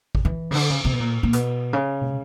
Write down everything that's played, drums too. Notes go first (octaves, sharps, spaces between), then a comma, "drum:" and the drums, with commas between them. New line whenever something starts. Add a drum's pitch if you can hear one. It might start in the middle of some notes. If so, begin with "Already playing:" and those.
drum: kick G#1
E3
C#3, drum: cymbal
D3
C#3
C3
B2
A#2
A#2
B2, drum: hi-hat
C#3
drum: tom